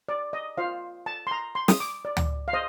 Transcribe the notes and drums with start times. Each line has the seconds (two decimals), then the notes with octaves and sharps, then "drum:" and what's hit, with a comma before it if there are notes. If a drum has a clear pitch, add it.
0.09 D5
0.33 D#5
0.57 F4 C5 F5
1.06 A5
1.27 C6
1.31 A#5
1.55 C6
1.68 D#6, drum: snare
1.80 D6
2.05 D5
2.17 drum: tom D2
2.48 F5
2.53 C5 D#5